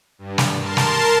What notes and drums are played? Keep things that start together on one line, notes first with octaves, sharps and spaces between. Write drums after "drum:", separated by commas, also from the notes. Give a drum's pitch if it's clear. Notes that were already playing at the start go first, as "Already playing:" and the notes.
G2
drum: snare
A#4 A5 C6
drum: snare